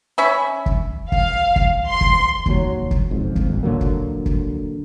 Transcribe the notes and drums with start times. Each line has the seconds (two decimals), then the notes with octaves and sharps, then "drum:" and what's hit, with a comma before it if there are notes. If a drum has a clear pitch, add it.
0.18 C#4 E5 B5
0.66 drum: kick
1.12 F5, drum: kick
1.56 drum: kick
1.88 C6
2.01 drum: kick
2.46 F1 D#2 C3 F#3, drum: kick
2.91 drum: kick
3.11 E1 F2 G#2
3.36 drum: kick
3.46 D#1 G#1
3.63 A#2 D3 F#3 A#3
3.81 drum: kick
4.26 drum: kick